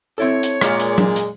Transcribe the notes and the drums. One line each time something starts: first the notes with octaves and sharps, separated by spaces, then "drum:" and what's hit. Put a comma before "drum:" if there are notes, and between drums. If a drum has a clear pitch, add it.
C4 E4 A4 C#5
drum: hi-hat
A#2 G#3 A#4 D5 F5, drum: rim click
drum: hi-hat
drum: tom F#3
drum: hi-hat